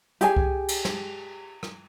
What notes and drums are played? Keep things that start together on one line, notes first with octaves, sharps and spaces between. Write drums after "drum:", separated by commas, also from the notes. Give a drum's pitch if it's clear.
G4 G#4 G#5, drum: hi-hat
drum: kick C2
drum: cymbal
drum: snare
drum: rim click